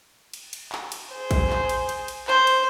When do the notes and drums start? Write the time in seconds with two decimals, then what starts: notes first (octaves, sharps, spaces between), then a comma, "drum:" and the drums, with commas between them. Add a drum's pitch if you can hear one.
0.34 drum: cymbal
0.53 drum: cymbal
0.72 drum: clap
0.92 drum: cymbal
1.11 G#4 C5
1.31 drum: kick, cymbal
1.50 drum: clap
1.69 drum: cymbal
1.89 drum: cymbal
2.08 drum: cymbal
2.28 C5, drum: clap
2.47 drum: cymbal